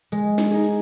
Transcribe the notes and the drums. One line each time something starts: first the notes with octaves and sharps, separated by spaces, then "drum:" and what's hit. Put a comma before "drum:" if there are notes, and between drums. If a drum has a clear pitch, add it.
G#3, drum: hi-hat
drum: snare
D#4 G#4
drum: hi-hat